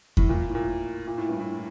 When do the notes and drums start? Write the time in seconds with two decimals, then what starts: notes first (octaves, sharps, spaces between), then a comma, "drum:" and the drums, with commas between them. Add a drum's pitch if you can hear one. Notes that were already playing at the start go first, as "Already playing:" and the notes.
0.17 A2, drum: kick E2
0.29 A#2
0.50 A2
0.55 A#2
1.07 A#2
1.18 A2
1.29 G2
1.40 A2